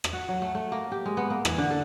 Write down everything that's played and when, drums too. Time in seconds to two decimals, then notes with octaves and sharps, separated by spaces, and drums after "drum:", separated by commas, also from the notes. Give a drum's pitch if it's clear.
0.04 drum: rim click
0.13 F#4
0.29 F#3
0.42 A3
0.55 A3
0.72 A#3
0.92 G4
1.06 G#3
1.17 B3
1.30 A#3
1.45 E3, drum: rim click
1.58 D3
1.70 A4